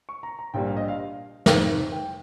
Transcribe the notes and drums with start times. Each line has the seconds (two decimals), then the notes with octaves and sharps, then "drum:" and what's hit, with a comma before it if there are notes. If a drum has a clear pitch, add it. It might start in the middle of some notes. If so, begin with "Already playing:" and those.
0.09 C#6
0.23 A#5
0.39 A#5
0.54 A#1 A#2 G3 G5
0.66 F5
0.77 D#5
0.88 F5
1.46 F1 F2 D#3, drum: snare
1.92 G5